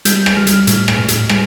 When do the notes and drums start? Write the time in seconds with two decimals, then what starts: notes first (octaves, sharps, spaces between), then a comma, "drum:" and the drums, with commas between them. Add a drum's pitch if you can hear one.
0.05 G3 G6, drum: hi-hat
0.26 drum: rim click
0.37 G3 F6
0.47 drum: hi-hat
0.67 A2, drum: hi-hat
0.88 drum: rim click
0.98 A2
1.08 drum: hi-hat
1.29 G3, drum: rim click